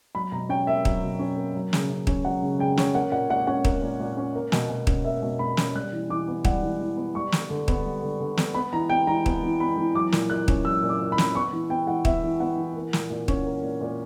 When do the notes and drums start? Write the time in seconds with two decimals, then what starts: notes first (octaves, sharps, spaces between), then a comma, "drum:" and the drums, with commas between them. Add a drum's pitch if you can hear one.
0.15 F#3 B5
0.32 B2 A#5
0.49 C#4 G5
0.67 A#3 E5
0.85 F#3, drum: kick
1.03 B2
1.19 C#4
1.37 A#3
1.55 F#3
1.73 C#3, drum: snare
1.90 C#3
2.07 C#4, drum: kick
2.25 F#3 F#5
2.42 C#3
2.59 C#3 G5
2.77 C#4, drum: snare
2.95 A#3 F#5
3.12 A#2 F#5
3.30 A#2 F#5
3.47 C#4 F#5
3.65 A#3, drum: kick
3.82 A#2
4.00 A#2
4.17 C#4
4.35 A#3
4.52 B2, drum: snare
4.70 B2
4.87 C#4, drum: kick
5.04 A#3 E5
5.23 B2
5.39 B2 B5
5.57 C#4, drum: snare
5.75 G3 F#6
5.92 E3
6.10 E3 D6
6.28 B3
6.45 G3 F#5, drum: kick
6.63 E3
6.80 E3
6.97 B3
7.15 G3 C#6
7.32 D3, drum: snare
7.50 D3
7.68 B3, drum: kick
7.85 G3
8.02 D3
8.20 D3
8.37 B3, drum: snare
8.55 B3 B5
8.73 E3 A#5
8.90 B3 G5
9.07 E3 A#5
9.26 B3, drum: kick
9.43 E3
9.60 B3 B5
9.77 E3
9.95 F#3 D6
10.12 A#2, drum: snare
10.30 A#2 F#6
10.48 C#4, drum: kick
10.65 F#3 E6
10.83 A#2
10.89 D6
11.00 A#2
11.12 B5
11.18 C#4, drum: snare
11.35 B3 C#6
11.53 E3
11.70 B3 G5
11.87 E3 F#5
12.05 B3 E5, drum: kick
12.23 E3
12.40 B3 F#5
12.57 E3
12.76 A#3
12.93 A#2, drum: snare
13.10 A#2
13.28 C#4, drum: kick
13.46 A#3
13.63 A#2
13.81 A#2